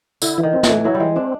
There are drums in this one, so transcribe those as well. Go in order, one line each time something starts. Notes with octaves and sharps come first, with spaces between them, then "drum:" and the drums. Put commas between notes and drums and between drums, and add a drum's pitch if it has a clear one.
D3 E4, drum: tambourine
E3
D#3
C4
E3, drum: snare
A3
F#3 E4
G3
E3 G#3
C4 D4